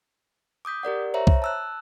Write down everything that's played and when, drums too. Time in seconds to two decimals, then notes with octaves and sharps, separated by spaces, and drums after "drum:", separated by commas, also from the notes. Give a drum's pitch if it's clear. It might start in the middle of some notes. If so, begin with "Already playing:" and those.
0.65 D6 D#6 G6 B6
0.83 G4 A#4 D5 F#5
1.14 C5 C#5 E5 A#5
1.27 drum: kick C2
1.42 A5 E6 F#6